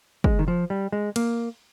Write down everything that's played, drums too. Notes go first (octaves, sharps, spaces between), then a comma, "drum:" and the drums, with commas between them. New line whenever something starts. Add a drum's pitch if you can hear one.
G#3, drum: kick
D#3
F3
G3
G#3
A#3, drum: cymbal